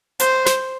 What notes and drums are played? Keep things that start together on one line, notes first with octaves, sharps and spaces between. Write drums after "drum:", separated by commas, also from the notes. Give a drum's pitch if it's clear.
C5, drum: hi-hat
drum: snare